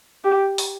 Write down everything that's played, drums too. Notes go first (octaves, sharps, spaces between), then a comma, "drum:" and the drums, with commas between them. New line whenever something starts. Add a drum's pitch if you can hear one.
G4
drum: open hi-hat